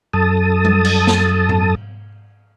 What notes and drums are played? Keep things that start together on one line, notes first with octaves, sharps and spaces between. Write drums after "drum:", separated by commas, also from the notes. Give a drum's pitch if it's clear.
F#2 A4 A5 D#6
drum: tom G3
drum: cymbal
drum: snare
drum: tom G#2